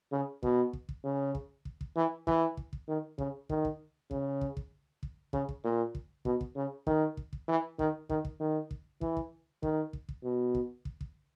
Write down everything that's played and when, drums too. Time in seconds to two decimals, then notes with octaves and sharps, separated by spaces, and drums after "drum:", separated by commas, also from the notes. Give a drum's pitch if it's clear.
0.12 C#3
0.43 B2, drum: kick
0.73 drum: kick
0.89 drum: kick
1.04 C#3
1.35 drum: kick
1.65 drum: kick
1.81 drum: kick
1.96 E3
2.27 E3, drum: kick
2.57 drum: kick
2.73 drum: kick
2.88 D#3
3.18 C#3, drum: kick
3.49 D#3, drum: kick
3.65 drum: kick
4.11 C#3, drum: kick
4.41 drum: kick
4.57 drum: kick
5.03 drum: kick
5.33 C#3, drum: kick
5.49 drum: kick
5.64 A#2
5.95 drum: kick
6.25 B2, drum: kick
6.41 drum: kick
6.56 C#3
6.87 D#3, drum: kick
7.17 drum: kick
7.33 drum: kick
7.48 E3
7.79 D#3, drum: kick
8.09 D#3, drum: kick
8.25 drum: kick
8.40 D#3
8.71 drum: kick
9.01 E3, drum: kick
9.17 drum: kick
9.63 D#3, drum: kick
9.93 drum: kick
10.09 drum: kick
10.24 B2
10.55 drum: kick
10.85 drum: kick
11.01 drum: kick